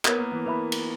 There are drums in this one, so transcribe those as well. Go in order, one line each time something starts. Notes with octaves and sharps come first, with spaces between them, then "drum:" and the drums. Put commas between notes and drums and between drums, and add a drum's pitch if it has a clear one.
B3 E4 A#4 C#5, drum: clap
A#3
E3
E3 B4 E5 B5
drum: cymbal